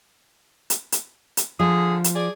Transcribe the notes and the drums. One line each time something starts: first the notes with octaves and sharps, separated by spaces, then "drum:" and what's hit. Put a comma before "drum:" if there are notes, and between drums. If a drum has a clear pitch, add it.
drum: hi-hat
drum: hi-hat
drum: hi-hat
D3 F3 G#4
drum: hi-hat
G#4 D5